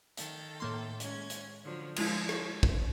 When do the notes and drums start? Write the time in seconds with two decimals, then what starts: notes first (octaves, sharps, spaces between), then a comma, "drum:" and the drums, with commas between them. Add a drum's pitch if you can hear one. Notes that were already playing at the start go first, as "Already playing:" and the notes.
0.17 D#3 A4 G5, drum: hi-hat
0.60 A2 A#3 C6
1.00 G#3 C#4 G#6, drum: hi-hat
1.30 drum: hi-hat
1.64 D3 F3 F#3
1.96 F3 G#3 E4 G#6, drum: cymbal
2.29 drum: rim click
2.63 drum: kick